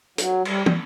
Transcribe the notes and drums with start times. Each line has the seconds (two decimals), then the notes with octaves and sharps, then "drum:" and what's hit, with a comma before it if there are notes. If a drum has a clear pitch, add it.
0.18 F#3, drum: hi-hat
0.45 G3, drum: cymbal
0.66 G3, drum: tom